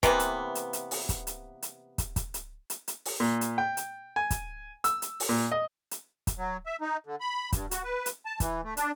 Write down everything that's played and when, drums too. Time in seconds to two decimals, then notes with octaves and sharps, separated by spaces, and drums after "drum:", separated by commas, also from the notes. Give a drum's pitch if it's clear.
0.03 C3 E3 A#3 B3, drum: kick, hi-hat
0.20 drum: hi-hat
0.55 drum: hi-hat
0.73 drum: hi-hat
0.91 drum: open hi-hat
1.09 drum: kick, hi-hat
1.27 drum: hi-hat
1.62 drum: hi-hat
1.98 drum: kick, hi-hat
2.16 drum: kick, hi-hat
2.34 drum: hi-hat
2.70 drum: hi-hat
2.88 drum: hi-hat
3.05 drum: open hi-hat
3.20 A#2
3.41 drum: hi-hat
3.58 G5
3.77 drum: hi-hat
4.16 G#5
4.31 drum: kick, hi-hat
4.84 E6, drum: hi-hat
5.02 drum: hi-hat
5.20 drum: open hi-hat
5.29 A#2
5.51 D#5
5.91 drum: hi-hat
6.27 drum: kick, hi-hat
6.38 F#3
6.66 E5
6.81 D#4
7.06 D3
7.21 B5
7.52 G2, drum: kick, hi-hat
7.71 F#4, drum: hi-hat
7.84 B4
8.06 drum: hi-hat
8.26 A5
8.40 E3, drum: kick, hi-hat
8.64 A3
8.77 D4, drum: hi-hat